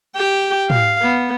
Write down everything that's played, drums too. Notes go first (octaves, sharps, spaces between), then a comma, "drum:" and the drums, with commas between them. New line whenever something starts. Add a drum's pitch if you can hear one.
G4 G5
F5, drum: tom
B3